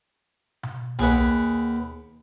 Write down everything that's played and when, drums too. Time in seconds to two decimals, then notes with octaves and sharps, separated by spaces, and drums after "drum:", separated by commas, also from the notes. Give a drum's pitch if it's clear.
0.63 drum: tom B2
0.99 D#2 G#4 B4 F#5, drum: tom B1